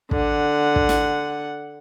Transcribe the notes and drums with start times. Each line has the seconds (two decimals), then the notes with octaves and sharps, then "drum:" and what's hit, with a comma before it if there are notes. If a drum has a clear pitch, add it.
0.11 D3 F#5, drum: kick
0.76 drum: kick
0.89 drum: snare